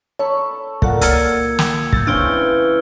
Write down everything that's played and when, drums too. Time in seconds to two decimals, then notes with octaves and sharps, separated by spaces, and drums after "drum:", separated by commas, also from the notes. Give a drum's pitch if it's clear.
0.19 A4 C#5 B5 C#6
0.82 A#2 A4 F#5, drum: kick
1.01 C#2 E6 F6 G#6 A6 C#7, drum: hi-hat
1.59 drum: snare
1.93 E6 G6 A6, drum: kick
2.07 C#3 E3 C4 D4 F6 D7 G7